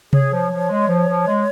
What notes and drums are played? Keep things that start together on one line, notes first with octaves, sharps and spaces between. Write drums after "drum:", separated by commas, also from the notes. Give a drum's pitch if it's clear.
G#4 C#5, drum: tom C3
F3
F3
G#3
F3
F3
G#3